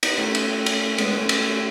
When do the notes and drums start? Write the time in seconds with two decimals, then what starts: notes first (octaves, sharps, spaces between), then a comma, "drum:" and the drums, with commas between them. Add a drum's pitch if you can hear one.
0.03 B3 D#4, drum: cymbal
0.18 A3 C#4
0.35 drum: cymbal
0.66 drum: cymbal
0.98 G#3 B3, drum: cymbal
1.13 A3 C#4
1.29 A3 C#4, drum: cymbal
1.50 C#4